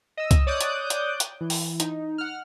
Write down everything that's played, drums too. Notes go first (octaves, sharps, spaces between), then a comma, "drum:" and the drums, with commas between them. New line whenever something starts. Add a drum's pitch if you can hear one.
D#5 E6
drum: kick, hi-hat
C#5 D5 D6 D#6 F#6 G6
drum: hi-hat
drum: hi-hat
drum: hi-hat
E3
drum: open hi-hat
D#4, drum: hi-hat
F#5 F6